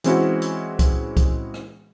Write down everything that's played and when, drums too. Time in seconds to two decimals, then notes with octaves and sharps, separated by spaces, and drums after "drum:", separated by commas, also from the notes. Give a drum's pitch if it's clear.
0.04 E3 G#3 C4 C#4 E4 F#4, drum: hi-hat
0.42 drum: hi-hat
0.79 drum: kick C2, hi-hat
1.17 drum: kick C2, hi-hat
1.54 drum: rim click